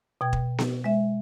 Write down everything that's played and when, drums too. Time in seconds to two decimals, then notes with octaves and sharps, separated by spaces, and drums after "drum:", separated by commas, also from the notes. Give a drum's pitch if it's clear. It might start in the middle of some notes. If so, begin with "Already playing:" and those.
0.21 B2 G5 G#6
0.33 drum: kick
0.58 drum: snare B3
0.84 G#3 E5